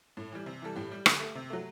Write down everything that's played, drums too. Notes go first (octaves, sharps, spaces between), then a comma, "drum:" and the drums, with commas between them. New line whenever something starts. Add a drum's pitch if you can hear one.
A2
E3 G3
C3
E3 G3 A4
A2 G4
G3
D3, drum: rim click
A3
C3
F#3 A3